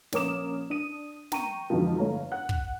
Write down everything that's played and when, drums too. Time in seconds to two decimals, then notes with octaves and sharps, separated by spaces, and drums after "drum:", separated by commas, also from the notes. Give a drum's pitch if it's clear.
0.13 A#1 C#4 A#4 D6 D#6 E7, drum: snare
0.70 D4 D#6 D#7
1.32 G5 A#5 C#6 D#7, drum: snare
1.70 F2 G#2 B2 D3 E3 F3
1.98 G1 A3 C#5 F5 A#5
2.31 F#5 F#6
2.49 drum: kick